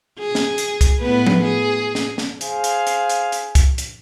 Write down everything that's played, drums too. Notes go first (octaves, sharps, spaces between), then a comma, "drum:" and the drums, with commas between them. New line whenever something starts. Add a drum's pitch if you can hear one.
G#4
drum: snare
drum: hi-hat
drum: kick C2, hi-hat
A2 B3 B4
drum: tom F3
G#4
drum: snare
drum: snare
G#4 C5 F5, drum: hi-hat
drum: hi-hat
drum: hi-hat
drum: hi-hat
drum: hi-hat
drum: kick C2, hi-hat
drum: hi-hat